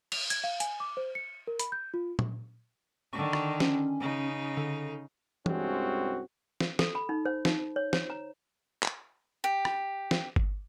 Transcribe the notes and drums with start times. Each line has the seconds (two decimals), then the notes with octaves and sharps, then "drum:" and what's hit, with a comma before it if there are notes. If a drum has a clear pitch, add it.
0.12 F7, drum: cymbal
0.30 G#6, drum: hi-hat
0.44 F5
0.60 G#5, drum: hi-hat
0.80 D6
0.97 C5
1.15 C#7
1.47 A#4
1.59 B5, drum: hi-hat
1.72 G6
1.94 F4
2.19 drum: tom A#2
3.13 D3 D#3 C#6
3.33 drum: rim click
3.60 C#4, drum: snare
4.01 C#3 D#4
4.57 D3
5.46 C2 G2 G#3 C4 C#4 F#4, drum: tom
6.60 drum: snare
6.79 A4, drum: snare
6.95 B5
7.09 D#4
7.25 C5
7.45 D#4, drum: snare
7.76 C#5
7.93 C5, drum: snare
8.10 A#5
8.83 drum: clap
9.44 G4
9.65 drum: rim click
10.11 drum: snare
10.36 drum: kick G1